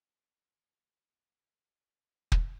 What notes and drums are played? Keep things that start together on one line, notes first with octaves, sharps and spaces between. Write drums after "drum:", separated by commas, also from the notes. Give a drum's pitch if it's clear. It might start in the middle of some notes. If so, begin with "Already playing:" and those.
F4 A4
C4 G#4
B3
drum: kick